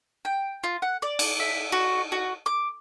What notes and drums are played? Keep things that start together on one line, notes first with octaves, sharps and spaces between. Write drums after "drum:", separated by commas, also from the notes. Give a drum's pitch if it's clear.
G5
F4
F#5
D5
drum: cymbal
E5
F#4
F#4
D6